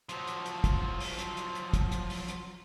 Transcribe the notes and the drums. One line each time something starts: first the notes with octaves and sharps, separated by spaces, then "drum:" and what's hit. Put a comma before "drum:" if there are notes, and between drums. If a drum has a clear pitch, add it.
F3 F#3, drum: hi-hat
drum: hi-hat
drum: hi-hat
drum: kick, hi-hat
drum: open hi-hat
drum: hi-hat
drum: hi-hat
drum: hi-hat
drum: kick, hi-hat
drum: hi-hat
drum: open hi-hat
drum: hi-hat